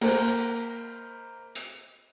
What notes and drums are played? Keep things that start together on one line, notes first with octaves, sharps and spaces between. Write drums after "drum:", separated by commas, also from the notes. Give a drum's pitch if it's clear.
A#3 C5, drum: cymbal
drum: hi-hat